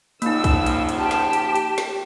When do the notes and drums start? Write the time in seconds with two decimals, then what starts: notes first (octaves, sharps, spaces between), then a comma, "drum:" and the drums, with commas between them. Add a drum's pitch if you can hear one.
0.22 A#1 C#3 F3 A#3 D#4 E6, drum: hi-hat
0.44 drum: kick, hi-hat
0.66 drum: hi-hat
0.89 drum: hi-hat
0.98 G4 A5
1.11 drum: snare
1.33 drum: hi-hat
1.55 drum: hi-hat
1.78 drum: snare